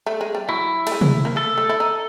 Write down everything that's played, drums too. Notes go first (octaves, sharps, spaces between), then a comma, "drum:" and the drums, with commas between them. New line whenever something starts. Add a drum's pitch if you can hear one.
A3
G#3
G3
F#3 E4
A3, drum: cymbal
G#3
drum: tom C3
A#3
A3 A4
A3
E4
D#4